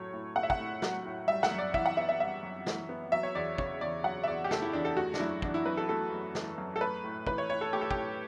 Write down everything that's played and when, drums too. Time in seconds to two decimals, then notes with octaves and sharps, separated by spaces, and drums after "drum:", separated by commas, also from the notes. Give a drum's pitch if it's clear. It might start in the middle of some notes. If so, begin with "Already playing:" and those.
Already playing: A2 F#3 A3 C#5
0.13 A2
0.36 A3 F#5
0.43 E5
0.50 F#5, drum: kick
0.59 A2
0.82 F#3, drum: snare
1.05 A2
1.28 G3 E5
1.43 F#5, drum: snare
1.51 F#2
1.58 D5
1.74 E3 E5, drum: kick
1.86 F#5
1.97 B3 E5
2.09 E5
2.20 G3 E5
2.43 F#2
2.67 E3, drum: snare
2.89 B3
3.12 F#3 E5
3.23 C#5
3.35 E2 D5
3.58 C#3 C#5, drum: kick
3.81 E2 D5
4.04 F#3 F#5
4.24 E5
4.27 E2 D5
4.44 G4
4.51 C#3 A4, drum: snare
4.62 E4
4.73 E2 D4
4.85 A4
4.97 A3 F#4
5.14 D4, drum: snare
5.20 F#2 E4
5.42 E3 D4, drum: kick
5.54 E4
5.66 F#2 B4
5.77 A4
5.89 A3 A4
6.12 F#2
6.35 E3, drum: snare
6.58 F#2
6.76 A4
6.81 A3 B4
7.04 A2
7.27 E3 B4, drum: kick
7.38 C#5
7.50 A2 C#5
7.61 A4
7.73 A3 G4
7.81 A4
7.91 G4, drum: kick
7.96 A2